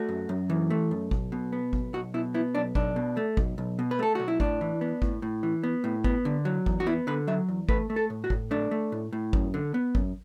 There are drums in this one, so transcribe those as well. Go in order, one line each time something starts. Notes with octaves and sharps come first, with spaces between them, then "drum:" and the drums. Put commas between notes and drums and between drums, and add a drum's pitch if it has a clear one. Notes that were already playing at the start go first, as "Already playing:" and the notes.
Already playing: A3 F#4
F#2
F#2
E3
A3
F#2
B1, drum: kick G#1
B2
B3
B1, drum: kick G#1
B1 F#4
B2 E4
B3 E4
B1 D4
B1 D4, drum: kick G#1
B2
A3
B1, drum: kick G#1
B1
B2
B4
A3 A4
B1 F#4
E4
A2 D4, drum: kick G#1
E3
B3
A2, drum: kick G#1
A2
E3
B3
A2
B3, drum: kick G#1
D3
F#3
E2, drum: kick G#1
F#4
B3 E4
D3 B4
F#3 E5
E2
A3 B4, drum: kick G#1
A3
A4
A2
F#4
A2, drum: kick G#1
A3 D4
A3
A2
A2
F#2, drum: kick G#1
D3
B3
F#2, drum: kick G#1